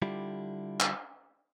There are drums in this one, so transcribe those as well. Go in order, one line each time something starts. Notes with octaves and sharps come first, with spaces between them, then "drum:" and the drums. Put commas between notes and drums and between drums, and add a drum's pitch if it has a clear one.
D3 G3 E4 F4 G4
drum: clap